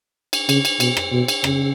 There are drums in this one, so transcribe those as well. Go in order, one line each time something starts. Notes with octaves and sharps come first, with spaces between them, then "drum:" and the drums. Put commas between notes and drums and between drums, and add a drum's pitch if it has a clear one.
drum: cymbal
C#3, drum: cymbal
drum: cymbal
B2, drum: cymbal
drum: rim click
B2
drum: cymbal
C#3, drum: rim click